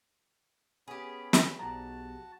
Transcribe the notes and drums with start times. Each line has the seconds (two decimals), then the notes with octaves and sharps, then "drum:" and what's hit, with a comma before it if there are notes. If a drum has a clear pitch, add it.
0.88 B3 C#4 G4 G#4 B5
1.33 drum: snare
1.59 B1 F#4 A5 A#5